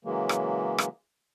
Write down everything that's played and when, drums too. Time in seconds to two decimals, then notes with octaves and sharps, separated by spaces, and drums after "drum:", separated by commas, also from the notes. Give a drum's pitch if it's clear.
0.05 C#3 E3 F#3 G#3 A#3
0.29 drum: rim click
0.78 drum: rim click